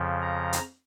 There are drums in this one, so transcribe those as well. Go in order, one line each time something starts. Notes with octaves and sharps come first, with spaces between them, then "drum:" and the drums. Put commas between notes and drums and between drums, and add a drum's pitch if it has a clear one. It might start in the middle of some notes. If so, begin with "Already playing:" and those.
Already playing: F2 C#3 F3
A#5
drum: hi-hat